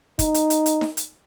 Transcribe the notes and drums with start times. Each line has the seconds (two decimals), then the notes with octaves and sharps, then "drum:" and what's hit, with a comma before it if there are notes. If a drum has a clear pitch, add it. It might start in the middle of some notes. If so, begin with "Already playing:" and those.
0.19 D#4, drum: kick, hi-hat
0.34 drum: hi-hat
0.50 drum: hi-hat
0.66 drum: hi-hat
0.81 drum: snare D#4
0.97 drum: hi-hat